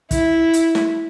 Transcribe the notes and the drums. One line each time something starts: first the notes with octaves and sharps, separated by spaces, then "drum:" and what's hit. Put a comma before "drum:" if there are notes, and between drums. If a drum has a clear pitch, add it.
E4, drum: kick, hi-hat
drum: hi-hat
drum: snare